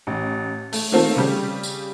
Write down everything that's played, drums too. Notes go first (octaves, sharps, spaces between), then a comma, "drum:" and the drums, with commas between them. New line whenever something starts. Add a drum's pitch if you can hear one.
A1
A3, drum: open hi-hat
D#3 A3 A#3 C4 F4 A4
C#3 G3 G4
drum: tambourine